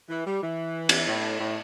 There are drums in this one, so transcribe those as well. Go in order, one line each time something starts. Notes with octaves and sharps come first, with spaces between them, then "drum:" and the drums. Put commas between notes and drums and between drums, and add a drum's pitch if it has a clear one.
E3
G3
E3
drum: cymbal
A2
A2